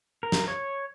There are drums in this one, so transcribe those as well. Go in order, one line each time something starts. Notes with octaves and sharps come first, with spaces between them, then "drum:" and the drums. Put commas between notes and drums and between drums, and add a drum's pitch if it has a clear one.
A#4
drum: snare
C#5